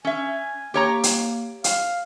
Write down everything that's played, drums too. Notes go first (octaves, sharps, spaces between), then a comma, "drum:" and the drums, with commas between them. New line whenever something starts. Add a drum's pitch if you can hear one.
C#4 E5 G#5
A#3 G4 C#5 A#5
drum: hi-hat
F5, drum: hi-hat